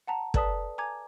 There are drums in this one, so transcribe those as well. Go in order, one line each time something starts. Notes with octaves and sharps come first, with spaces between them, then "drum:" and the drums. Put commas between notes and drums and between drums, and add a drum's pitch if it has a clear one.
F#5 A5 A#5
A4 B4 D5 A5 D#6 B6, drum: kick
G#5 A#5 D6 G#6